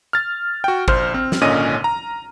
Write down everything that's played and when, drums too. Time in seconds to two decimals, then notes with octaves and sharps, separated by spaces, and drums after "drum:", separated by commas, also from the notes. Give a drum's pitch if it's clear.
0.13 F6 A6
0.64 F#4 G5
0.88 A#1 C5 F6, drum: kick G#1
1.14 C4
1.32 drum: snare
1.41 G#1 A#2 D3 C#4 D#5 D#7
1.84 A#5